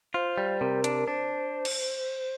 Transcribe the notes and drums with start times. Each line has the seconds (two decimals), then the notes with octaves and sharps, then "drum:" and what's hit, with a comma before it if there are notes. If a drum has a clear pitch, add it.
0.13 F4 C5
0.38 G3
0.60 C3 A#4
0.84 D4, drum: hi-hat
1.07 D4 C5
1.65 drum: cymbal